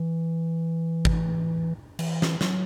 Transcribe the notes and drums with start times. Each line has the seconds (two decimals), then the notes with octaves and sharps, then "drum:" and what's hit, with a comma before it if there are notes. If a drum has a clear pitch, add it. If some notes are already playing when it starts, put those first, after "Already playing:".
Already playing: E3
1.05 drum: kick
1.99 E3, drum: cymbal
2.22 drum: snare
2.41 F#3, drum: snare